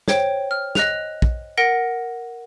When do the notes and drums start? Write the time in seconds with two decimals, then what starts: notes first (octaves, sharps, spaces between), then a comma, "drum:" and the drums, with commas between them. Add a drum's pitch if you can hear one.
0.08 C5 C#5 G5, drum: snare
0.51 F6
0.75 D#5 F#6 F7, drum: snare
1.22 drum: kick
1.57 A#4 F#5 A#6 D7